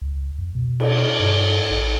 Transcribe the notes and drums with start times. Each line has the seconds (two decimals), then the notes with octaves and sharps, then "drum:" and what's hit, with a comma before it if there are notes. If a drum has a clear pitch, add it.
0.02 C#2
0.39 F2
0.55 B2
0.80 drum: cymbal
1.20 G2
1.71 A1